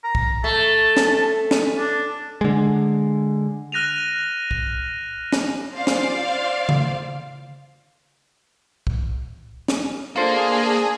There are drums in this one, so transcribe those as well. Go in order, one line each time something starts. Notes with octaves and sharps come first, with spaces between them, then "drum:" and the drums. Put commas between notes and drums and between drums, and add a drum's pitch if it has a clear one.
A#5
drum: kick
A3 A5
drum: snare
drum: snare
D4
D3 G#3
F6 F#6 A#6 D#7 F7
drum: kick
drum: snare
F4 C5 D5 F5
drum: snare
drum: tom C#3
drum: kick
drum: snare
A#3 D4 F4 G#4 A4 C5